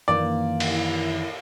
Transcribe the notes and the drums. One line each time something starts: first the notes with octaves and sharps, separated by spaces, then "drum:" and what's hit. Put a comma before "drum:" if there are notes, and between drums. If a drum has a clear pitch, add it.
F#2 A#2 D#3 E3 D5
drum: cymbal
E4